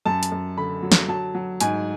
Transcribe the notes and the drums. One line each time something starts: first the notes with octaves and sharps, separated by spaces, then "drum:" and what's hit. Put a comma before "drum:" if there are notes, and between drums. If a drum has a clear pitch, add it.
F#2 A5
drum: hi-hat
F#2
D3 B5
F#3
drum: snare
F#3 A5
F#3
G#2 G#5, drum: hi-hat